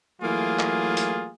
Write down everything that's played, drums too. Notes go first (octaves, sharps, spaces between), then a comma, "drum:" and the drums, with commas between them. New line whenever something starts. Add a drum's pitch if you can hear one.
E3 F#3 A3 A#3 F4 G#4
drum: clap
drum: hi-hat